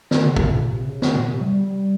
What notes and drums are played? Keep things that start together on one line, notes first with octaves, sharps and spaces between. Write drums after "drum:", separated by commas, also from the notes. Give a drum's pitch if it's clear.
D#3, drum: snare
C#3
C3, drum: kick
A#2
C3
C#3
D#3, drum: snare
A#2
C3
G3